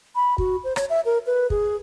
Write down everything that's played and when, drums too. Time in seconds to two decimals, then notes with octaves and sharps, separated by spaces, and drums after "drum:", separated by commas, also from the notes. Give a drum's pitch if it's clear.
0.15 B5
0.38 F#4, drum: kick
0.64 C5
0.76 C#5, drum: rim click
0.90 E5
1.05 A#4
1.26 B4
1.50 G#4, drum: kick